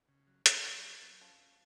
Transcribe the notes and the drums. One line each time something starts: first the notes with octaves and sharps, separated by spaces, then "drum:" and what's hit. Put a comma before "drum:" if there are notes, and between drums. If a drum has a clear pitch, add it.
C#3
F#3
F3 F#3, drum: hi-hat
F#3
C#4
F#3
F3 C#4
C#4